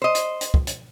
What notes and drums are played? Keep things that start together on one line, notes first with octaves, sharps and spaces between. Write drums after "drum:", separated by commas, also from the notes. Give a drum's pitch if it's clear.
C5 D#5
drum: hi-hat
drum: hi-hat
drum: kick
drum: hi-hat